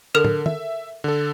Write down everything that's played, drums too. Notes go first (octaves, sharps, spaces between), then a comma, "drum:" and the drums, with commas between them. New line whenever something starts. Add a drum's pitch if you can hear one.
D3 A4 A#4 F6
drum: tom
E5, drum: tom
D3 A4